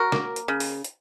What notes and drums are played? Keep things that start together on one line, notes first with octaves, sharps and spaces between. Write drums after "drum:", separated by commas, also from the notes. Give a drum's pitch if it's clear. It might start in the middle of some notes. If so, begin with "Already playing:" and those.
Already playing: F#3 F#4 A#4
A#3, drum: snare
drum: hi-hat
C#3
drum: open hi-hat
drum: hi-hat